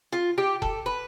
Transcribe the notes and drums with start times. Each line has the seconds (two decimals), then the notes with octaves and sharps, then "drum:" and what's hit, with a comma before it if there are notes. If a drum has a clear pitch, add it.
0.13 F4
0.38 G4
0.62 A4, drum: kick F1
0.86 B4